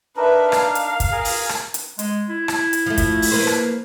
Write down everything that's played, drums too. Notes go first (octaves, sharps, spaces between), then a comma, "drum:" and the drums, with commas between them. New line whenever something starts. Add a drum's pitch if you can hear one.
D4 D#4 A#4 B4 E5
F5, drum: rim click
drum: hi-hat
drum: kick, hi-hat
G#4 A#4
drum: open hi-hat
drum: rim click
drum: hi-hat
G#3, drum: hi-hat
E4
drum: rim click
drum: hi-hat
F3 A3
drum: kick, hi-hat
drum: open hi-hat
A#3 B4 C5
drum: rim click